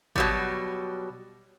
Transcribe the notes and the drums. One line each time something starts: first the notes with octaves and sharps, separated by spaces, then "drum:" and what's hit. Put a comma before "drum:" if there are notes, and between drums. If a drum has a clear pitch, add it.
B2 F#3 G3, drum: kick G#1